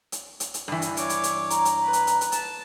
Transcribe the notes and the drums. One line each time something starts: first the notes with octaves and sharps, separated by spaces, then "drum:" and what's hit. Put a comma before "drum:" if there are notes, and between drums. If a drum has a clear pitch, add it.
drum: hi-hat
drum: hi-hat
drum: hi-hat
G2 E3
drum: hi-hat
C#5 D6, drum: hi-hat
drum: hi-hat
drum: hi-hat
A#5, drum: hi-hat
drum: hi-hat
B4
drum: hi-hat
drum: hi-hat
drum: hi-hat
A5, drum: hi-hat